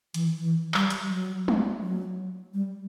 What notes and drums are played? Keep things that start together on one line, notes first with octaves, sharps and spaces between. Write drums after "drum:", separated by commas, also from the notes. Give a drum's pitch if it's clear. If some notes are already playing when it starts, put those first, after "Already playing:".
E3, drum: hi-hat
E3
G3, drum: clap
drum: hi-hat
F#3
drum: tom
F#3
G3